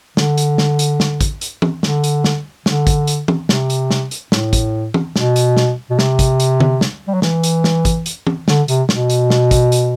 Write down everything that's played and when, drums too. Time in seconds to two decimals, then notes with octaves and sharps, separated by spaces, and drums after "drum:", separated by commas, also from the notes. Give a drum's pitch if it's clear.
0.17 D3, drum: snare
0.38 drum: hi-hat
0.58 drum: snare
0.79 drum: hi-hat
1.00 drum: snare
1.21 drum: kick, hi-hat
1.41 drum: hi-hat
1.62 drum: tom
1.83 D3, drum: snare
2.04 drum: hi-hat
2.24 drum: snare
2.66 D3, drum: snare
2.87 drum: kick, hi-hat
3.07 drum: hi-hat
3.28 drum: tom
3.49 C3, drum: snare
3.70 drum: hi-hat
3.90 drum: snare
4.11 drum: hi-hat
4.32 A2, drum: snare
4.53 drum: kick, hi-hat
4.94 drum: tom
5.16 B2, drum: snare
5.36 drum: hi-hat
5.57 drum: snare
5.90 B2
5.99 C3, drum: snare
6.19 drum: kick, hi-hat
6.40 drum: hi-hat
6.60 drum: tom
6.81 drum: snare
7.08 G3
7.14 F#3
7.22 E3, drum: snare
7.43 drum: hi-hat
7.64 drum: snare
7.85 drum: kick, hi-hat
8.06 drum: hi-hat
8.27 drum: tom
8.48 D3, drum: snare
8.68 C3, drum: hi-hat
8.89 B2, drum: snare
9.10 drum: hi-hat
9.30 drum: snare
9.51 drum: kick, hi-hat
9.72 drum: hi-hat